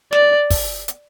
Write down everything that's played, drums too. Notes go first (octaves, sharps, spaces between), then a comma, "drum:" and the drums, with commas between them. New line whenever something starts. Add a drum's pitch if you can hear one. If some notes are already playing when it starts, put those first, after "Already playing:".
D5, drum: snare
drum: kick, open hi-hat
drum: hi-hat